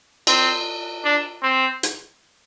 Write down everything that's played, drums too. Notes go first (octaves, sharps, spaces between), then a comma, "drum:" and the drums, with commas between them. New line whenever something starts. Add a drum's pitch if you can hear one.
C4, drum: cymbal
D4
C4
drum: hi-hat